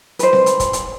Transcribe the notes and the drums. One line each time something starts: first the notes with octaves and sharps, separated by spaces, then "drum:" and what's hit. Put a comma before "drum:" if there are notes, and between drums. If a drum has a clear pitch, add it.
B4 C5, drum: hi-hat
drum: snare C4
drum: hi-hat
drum: kick, hi-hat
drum: hi-hat